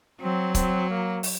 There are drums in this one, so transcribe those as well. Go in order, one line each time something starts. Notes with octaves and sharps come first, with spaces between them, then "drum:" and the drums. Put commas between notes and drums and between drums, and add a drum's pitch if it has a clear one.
F#3 C4
C4, drum: kick, hi-hat
A#3
drum: open hi-hat